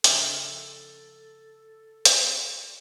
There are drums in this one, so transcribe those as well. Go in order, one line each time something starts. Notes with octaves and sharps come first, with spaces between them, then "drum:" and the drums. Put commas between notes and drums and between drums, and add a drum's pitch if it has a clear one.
C#3 F3 A#3 D4 A4 A#4 E5, drum: hi-hat
drum: hi-hat